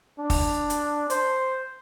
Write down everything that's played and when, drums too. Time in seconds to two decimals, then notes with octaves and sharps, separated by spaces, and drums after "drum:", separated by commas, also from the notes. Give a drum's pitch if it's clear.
0.19 D4
0.30 drum: kick, open hi-hat
0.70 drum: hi-hat
1.10 C5, drum: hi-hat